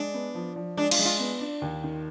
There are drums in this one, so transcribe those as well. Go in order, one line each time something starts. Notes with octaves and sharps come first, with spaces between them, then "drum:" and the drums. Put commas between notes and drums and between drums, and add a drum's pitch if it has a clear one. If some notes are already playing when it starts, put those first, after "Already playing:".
Already playing: G#3 D4
B3
F3
F3
G#3 D4
F4, drum: cymbal
G#3
F4
B3
D4
D#2
D#3